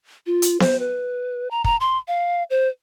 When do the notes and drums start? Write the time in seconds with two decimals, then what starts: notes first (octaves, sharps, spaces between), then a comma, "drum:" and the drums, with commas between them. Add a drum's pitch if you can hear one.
0.26 F4
0.42 drum: hi-hat
0.60 C5, drum: snare B3
0.80 B4
1.51 A#5
1.64 A#5, drum: kick
1.80 C6
2.08 F5
2.50 C5